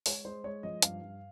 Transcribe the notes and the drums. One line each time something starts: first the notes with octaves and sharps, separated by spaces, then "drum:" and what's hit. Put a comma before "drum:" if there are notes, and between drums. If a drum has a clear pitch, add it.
G#3 C#5, drum: open hi-hat
G#3 C5
G#3 C#5
F3 D#5
G2 F5, drum: hi-hat
G2